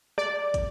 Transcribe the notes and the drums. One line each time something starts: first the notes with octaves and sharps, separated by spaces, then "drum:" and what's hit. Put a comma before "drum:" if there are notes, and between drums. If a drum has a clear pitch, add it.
D5, drum: rim click
drum: kick, hi-hat